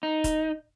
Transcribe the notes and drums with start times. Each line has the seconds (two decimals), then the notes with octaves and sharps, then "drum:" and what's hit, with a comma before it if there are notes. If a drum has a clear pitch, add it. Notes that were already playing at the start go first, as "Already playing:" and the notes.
0.03 D#4
0.24 drum: kick, hi-hat